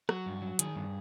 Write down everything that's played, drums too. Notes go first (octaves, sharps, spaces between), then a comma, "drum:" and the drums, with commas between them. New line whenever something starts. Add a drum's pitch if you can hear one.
F#3 F#4, drum: rim click
G2
F#3
D#3 G#4, drum: hi-hat
G2